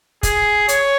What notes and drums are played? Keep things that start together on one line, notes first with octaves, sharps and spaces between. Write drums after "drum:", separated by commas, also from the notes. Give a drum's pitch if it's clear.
G#4, drum: kick, hi-hat
C#5, drum: hi-hat